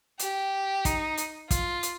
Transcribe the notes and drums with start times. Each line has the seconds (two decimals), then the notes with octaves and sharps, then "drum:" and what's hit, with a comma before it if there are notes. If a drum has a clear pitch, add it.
0.19 G4, drum: hi-hat
0.85 D#4, drum: kick, hi-hat
1.17 drum: hi-hat
1.51 F4, drum: kick, hi-hat
1.83 drum: hi-hat